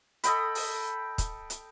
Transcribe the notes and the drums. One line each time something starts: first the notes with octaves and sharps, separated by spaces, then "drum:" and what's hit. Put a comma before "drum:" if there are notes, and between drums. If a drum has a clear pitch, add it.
A4 D#5 G5 B5, drum: hi-hat
drum: open hi-hat
drum: kick, hi-hat
drum: hi-hat